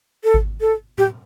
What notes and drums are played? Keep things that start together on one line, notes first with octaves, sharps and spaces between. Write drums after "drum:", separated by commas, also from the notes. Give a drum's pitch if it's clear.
A4
drum: kick G#1
A4
G4, drum: tom A2